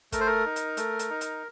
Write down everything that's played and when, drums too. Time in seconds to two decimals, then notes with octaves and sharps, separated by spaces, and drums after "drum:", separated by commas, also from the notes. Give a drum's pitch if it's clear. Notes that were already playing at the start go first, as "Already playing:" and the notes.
0.12 A3 A#4, drum: kick, hi-hat
0.20 C5
0.26 A#4
0.46 D#4
0.56 drum: hi-hat
0.77 A3, drum: hi-hat
0.99 drum: hi-hat
1.10 D#4
1.21 drum: hi-hat